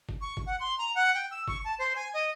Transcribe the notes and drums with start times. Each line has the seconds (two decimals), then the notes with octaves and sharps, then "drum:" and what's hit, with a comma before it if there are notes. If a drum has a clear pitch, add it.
0.09 drum: kick G1
0.21 C#6
0.37 drum: kick G1
0.46 F#5
0.60 C6
0.78 A#5
0.95 F#5
1.15 G5
1.31 E6
1.48 C#6, drum: kick G1
1.64 A5
1.79 C5
1.96 G#5
2.14 D#5